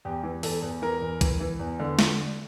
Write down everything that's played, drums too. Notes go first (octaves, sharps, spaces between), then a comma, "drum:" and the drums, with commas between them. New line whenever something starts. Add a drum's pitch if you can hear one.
E2 G4
E3
E2 A4, drum: open hi-hat
E2
E3 A#4
E2
E3, drum: kick, hi-hat
E3
E2
D3
drum: snare